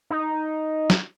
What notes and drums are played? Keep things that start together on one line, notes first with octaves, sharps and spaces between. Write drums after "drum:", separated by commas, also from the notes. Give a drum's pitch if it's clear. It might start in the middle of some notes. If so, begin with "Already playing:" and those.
D#4
drum: snare